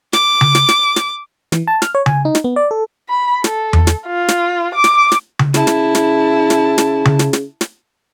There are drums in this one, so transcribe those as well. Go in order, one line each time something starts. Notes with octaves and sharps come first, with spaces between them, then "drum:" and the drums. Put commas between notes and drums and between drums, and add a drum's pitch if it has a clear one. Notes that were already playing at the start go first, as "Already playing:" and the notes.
D6, drum: snare
drum: tom C#3
drum: snare
drum: snare
drum: snare
E3, drum: snare
A5
F6, drum: snare
C#5
G#5, drum: tom C#3
D#4
drum: snare
B3
D5
A4
B5
A4, drum: snare
drum: tom E2
drum: snare
F4
drum: snare
D6
drum: snare
drum: snare
drum: tom C#3
C#3 E4 A5, drum: snare
drum: snare
drum: snare
drum: snare
drum: snare
drum: tom C#3
drum: snare
drum: snare
drum: snare